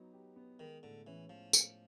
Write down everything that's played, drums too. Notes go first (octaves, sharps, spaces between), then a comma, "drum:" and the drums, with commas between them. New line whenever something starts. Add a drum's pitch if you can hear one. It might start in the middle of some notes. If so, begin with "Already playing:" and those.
Already playing: F#3 B3 D#4
G4
B3
D#3 G#3
A2 D3
E3 C#4
F3
drum: tambourine